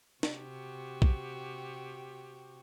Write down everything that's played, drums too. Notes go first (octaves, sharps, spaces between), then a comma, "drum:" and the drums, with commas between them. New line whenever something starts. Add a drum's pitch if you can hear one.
C3 F#4 G4, drum: snare
drum: kick